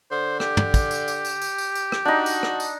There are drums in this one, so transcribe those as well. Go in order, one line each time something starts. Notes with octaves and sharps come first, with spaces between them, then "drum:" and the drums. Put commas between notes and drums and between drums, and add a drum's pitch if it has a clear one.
D3 C5
G4, drum: rim click
drum: tom
drum: kick, tambourine
drum: tambourine
drum: tambourine
drum: tambourine
drum: tambourine
drum: tambourine
drum: tambourine
drum: rim click
D4 D#4 F#4
drum: tambourine
drum: rim click
drum: tambourine